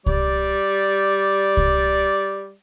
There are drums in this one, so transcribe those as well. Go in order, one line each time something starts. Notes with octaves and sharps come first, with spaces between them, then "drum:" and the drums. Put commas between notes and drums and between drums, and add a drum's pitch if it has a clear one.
G3 D5, drum: kick C2
drum: kick C2